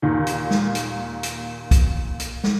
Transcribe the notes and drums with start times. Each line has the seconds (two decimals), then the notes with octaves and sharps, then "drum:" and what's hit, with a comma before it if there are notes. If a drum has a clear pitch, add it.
0.02 D#2 A#2 D#3
0.27 drum: hi-hat
0.51 drum: snare
0.75 drum: hi-hat
1.23 drum: hi-hat
1.71 drum: kick, hi-hat
2.20 drum: hi-hat
2.44 drum: snare